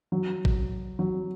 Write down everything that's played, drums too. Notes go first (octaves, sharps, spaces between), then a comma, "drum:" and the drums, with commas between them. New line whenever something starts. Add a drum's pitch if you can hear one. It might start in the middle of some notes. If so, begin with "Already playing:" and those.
F#3
drum: kick
F#3